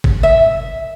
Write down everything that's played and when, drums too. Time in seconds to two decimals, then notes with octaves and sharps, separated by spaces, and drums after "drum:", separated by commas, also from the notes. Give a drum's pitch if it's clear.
0.04 drum: kick
0.23 E5